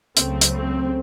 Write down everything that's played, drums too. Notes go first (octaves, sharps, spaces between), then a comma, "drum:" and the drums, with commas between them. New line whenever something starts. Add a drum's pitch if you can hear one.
C#2 C#3 F#3 A3 C4, drum: hi-hat
drum: hi-hat
C4